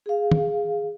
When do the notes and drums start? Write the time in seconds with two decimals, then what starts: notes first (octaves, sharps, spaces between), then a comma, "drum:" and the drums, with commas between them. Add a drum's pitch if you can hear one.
0.06 G#4 F5
0.31 drum: tom